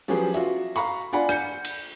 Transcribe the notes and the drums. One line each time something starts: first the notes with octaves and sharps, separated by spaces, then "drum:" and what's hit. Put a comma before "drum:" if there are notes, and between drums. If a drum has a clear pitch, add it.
F3 F#3 C#4 G4 G#4 B4, drum: open hi-hat
F4 F#4 E5, drum: hi-hat
F5 A#5 B5 C#6, drum: hi-hat
D4 F4 D5 F#5 G#5 B5
G6 C#7, drum: rim click
drum: cymbal